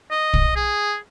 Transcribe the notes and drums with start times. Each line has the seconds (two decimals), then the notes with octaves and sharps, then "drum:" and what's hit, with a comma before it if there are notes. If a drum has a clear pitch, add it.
0.11 D#5
0.34 drum: kick
0.56 G#4